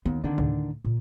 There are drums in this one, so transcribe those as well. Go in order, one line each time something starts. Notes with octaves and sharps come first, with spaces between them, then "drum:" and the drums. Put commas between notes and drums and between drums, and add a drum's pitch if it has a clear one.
D#2 B3
D3 D#3 C4 D4
D2 A2, drum: tom C3
A#2